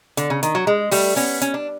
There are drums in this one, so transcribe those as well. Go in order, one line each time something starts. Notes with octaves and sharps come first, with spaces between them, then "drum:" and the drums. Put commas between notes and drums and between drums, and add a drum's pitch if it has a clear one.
D3, drum: hi-hat
C#3
D#3, drum: hi-hat
F#3
G#3
G3 A3, drum: open hi-hat
B3 C#4, drum: open hi-hat
C#4, drum: hi-hat
D4